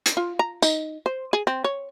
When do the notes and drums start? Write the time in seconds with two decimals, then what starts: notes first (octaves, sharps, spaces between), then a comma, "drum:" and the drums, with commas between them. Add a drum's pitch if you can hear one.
0.06 drum: hi-hat
0.17 F4
0.39 A#5
0.62 D#4, drum: tambourine
1.06 C5
1.33 G#4
1.47 C4
1.64 C#5